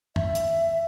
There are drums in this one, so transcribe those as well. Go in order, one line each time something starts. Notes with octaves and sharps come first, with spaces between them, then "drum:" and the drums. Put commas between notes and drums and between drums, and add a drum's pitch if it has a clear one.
E5, drum: tom
drum: hi-hat